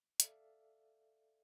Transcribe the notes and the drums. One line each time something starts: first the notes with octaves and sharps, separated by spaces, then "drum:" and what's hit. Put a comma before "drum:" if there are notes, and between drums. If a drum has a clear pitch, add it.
A4 D5 E5 F5, drum: hi-hat